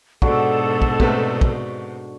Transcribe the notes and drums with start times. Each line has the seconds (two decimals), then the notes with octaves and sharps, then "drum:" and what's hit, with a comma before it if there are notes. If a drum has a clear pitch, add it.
0.22 G#2 B2 D3 F#4 A4, drum: kick
0.82 drum: kick
1.00 C3 A3 B3, drum: kick
1.41 drum: kick